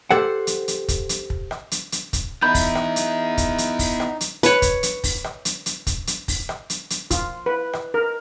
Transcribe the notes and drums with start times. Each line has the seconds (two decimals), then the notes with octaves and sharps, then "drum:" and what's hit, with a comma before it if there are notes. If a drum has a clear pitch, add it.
0.11 G4 A4 C5 F#5
0.47 drum: hi-hat
0.68 drum: hi-hat
0.88 drum: kick, hi-hat
1.09 drum: hi-hat
1.30 drum: kick
1.51 drum: rim click
1.71 drum: hi-hat
1.92 drum: hi-hat
2.13 drum: kick, hi-hat
2.42 B3 D#4 E4 B5 G6
2.55 drum: kick, open hi-hat
2.75 drum: rim click
2.96 drum: hi-hat
3.38 drum: kick, hi-hat
3.58 drum: hi-hat
3.79 drum: kick, open hi-hat
4.00 drum: rim click
4.21 drum: hi-hat
4.43 B4 C#5, drum: hi-hat
4.62 drum: kick, hi-hat
4.83 drum: hi-hat
5.04 drum: kick, open hi-hat
5.24 drum: rim click
5.45 drum: hi-hat
5.66 drum: hi-hat
5.87 drum: kick, hi-hat
6.07 drum: hi-hat
6.28 drum: kick, open hi-hat
6.49 drum: rim click
6.70 drum: hi-hat
6.90 drum: hi-hat
7.11 F4, drum: kick, hi-hat
7.46 B4
7.73 drum: rim click
7.94 A#4